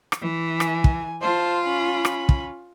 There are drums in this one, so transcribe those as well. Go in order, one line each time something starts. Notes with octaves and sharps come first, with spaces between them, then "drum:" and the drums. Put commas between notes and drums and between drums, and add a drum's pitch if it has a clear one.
drum: rim click
E3
G#5, drum: rim click
drum: kick
F4 C5 A5
C#4 B5
drum: rim click
drum: kick